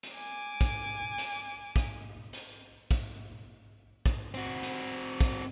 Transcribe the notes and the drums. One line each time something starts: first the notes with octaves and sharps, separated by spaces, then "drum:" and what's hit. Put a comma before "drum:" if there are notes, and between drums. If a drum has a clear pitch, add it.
drum: hi-hat
G#5 D6
drum: kick, hi-hat
drum: hi-hat
drum: kick, hi-hat
drum: hi-hat
drum: kick, hi-hat
drum: kick, hi-hat
C4 F#4
drum: hi-hat
drum: kick, hi-hat